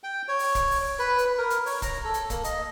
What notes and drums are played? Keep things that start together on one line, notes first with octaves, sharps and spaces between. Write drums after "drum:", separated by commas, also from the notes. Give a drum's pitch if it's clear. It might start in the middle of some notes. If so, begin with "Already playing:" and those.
G5
C#5
drum: open hi-hat
drum: kick C#1, hi-hat
drum: open hi-hat
B4
drum: hi-hat
A#4
drum: hi-hat
C#5, drum: open hi-hat
A#5, drum: kick C#1, hi-hat
A4
drum: hi-hat
A#3, drum: kick C#1, hi-hat
D#5, drum: hi-hat